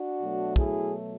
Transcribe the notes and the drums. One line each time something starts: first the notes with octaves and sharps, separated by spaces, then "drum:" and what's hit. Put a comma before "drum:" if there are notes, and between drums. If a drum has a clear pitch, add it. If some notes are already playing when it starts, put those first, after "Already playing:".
Already playing: D4 F#4
B2 F#3 A3
E4 G#4, drum: kick